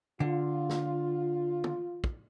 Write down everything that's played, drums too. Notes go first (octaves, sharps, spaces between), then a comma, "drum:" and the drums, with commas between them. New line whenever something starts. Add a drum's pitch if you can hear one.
D3 F4
drum: snare
drum: tom
drum: kick